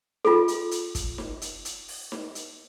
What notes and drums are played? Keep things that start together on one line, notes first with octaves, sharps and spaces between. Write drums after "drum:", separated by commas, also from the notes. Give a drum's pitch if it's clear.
F4 A4, drum: snare D#4
drum: hi-hat
drum: hi-hat
drum: kick, hi-hat
drum: snare D#4
drum: hi-hat
drum: hi-hat
drum: open hi-hat
drum: snare D#4
drum: hi-hat